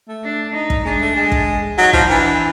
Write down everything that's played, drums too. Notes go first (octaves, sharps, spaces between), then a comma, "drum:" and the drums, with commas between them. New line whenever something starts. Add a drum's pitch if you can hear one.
A3
D4
D#4
drum: kick
G#3 D4
A3
G#3
drum: kick
F#3 D#4
F3, drum: kick
E3 D4